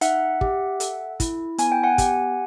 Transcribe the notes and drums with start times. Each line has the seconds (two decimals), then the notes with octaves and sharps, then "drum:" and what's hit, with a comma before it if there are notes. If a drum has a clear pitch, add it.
0.01 D#4 E5 F#5, drum: hi-hat
0.41 G4, drum: kick
0.80 A4, drum: hi-hat
1.20 E4, drum: kick, hi-hat
1.58 B3 G#5, drum: hi-hat
1.72 G5
1.84 F#5 G#5
1.98 G4, drum: kick, hi-hat